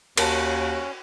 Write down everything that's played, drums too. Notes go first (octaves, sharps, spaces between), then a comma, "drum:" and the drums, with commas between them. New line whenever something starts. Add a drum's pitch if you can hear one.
D#2 C#4 F#4 A#4 A5, drum: cymbal